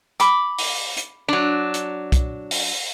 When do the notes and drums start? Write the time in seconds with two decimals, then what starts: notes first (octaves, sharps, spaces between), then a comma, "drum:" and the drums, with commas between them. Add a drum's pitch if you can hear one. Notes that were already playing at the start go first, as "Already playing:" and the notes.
0.20 B5 D6, drum: hi-hat
0.58 drum: open hi-hat
0.97 drum: hi-hat
1.28 F#3 D4
1.74 drum: hi-hat
2.12 drum: kick, hi-hat
2.51 drum: open hi-hat